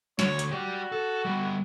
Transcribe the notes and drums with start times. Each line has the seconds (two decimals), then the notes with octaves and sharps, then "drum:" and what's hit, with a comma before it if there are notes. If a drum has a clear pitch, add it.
0.19 D2 D4 C#5, drum: snare
0.39 drum: hi-hat
0.51 F#4 G4 D5
0.92 A4
1.25 G3 B3